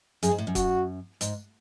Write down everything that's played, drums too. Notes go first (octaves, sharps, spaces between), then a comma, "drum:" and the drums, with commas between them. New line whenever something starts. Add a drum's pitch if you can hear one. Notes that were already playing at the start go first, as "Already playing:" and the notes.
F#2 G#4, drum: hi-hat
G#2
A2
F#2
F#4, drum: kick, hi-hat
G#2, drum: hi-hat